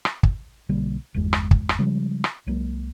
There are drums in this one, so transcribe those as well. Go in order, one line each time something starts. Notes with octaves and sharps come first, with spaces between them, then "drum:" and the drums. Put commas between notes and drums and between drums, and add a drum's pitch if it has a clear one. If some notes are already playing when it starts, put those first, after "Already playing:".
drum: rim click
drum: kick
B1 D3 G3 A#3
G1 E2 G#3
drum: rim click
drum: kick
drum: rim click
C#3 F3 G3 G#3
drum: rim click
C2 F#3 G#3 A#3